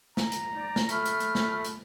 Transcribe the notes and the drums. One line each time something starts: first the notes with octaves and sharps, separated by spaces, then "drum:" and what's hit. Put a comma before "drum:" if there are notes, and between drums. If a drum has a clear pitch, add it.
A#5, drum: snare
drum: hi-hat
D#4 D5
drum: snare
A3 B5 F6, drum: hi-hat
drum: hi-hat
drum: hi-hat
drum: snare
drum: hi-hat